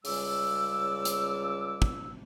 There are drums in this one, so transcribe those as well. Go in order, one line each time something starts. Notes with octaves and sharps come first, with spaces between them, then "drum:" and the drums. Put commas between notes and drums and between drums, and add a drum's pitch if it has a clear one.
C#2 C#3 G3 D6 E6, drum: open hi-hat
drum: hi-hat
drum: kick